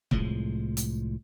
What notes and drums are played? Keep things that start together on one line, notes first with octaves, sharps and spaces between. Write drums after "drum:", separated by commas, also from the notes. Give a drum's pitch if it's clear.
C2 A2 F3 G#3, drum: kick
drum: hi-hat